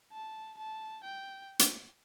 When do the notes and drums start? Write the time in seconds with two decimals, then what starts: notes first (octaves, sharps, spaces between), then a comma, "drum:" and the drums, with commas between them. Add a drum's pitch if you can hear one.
0.12 A5
0.58 A5
1.04 G5
1.59 drum: hi-hat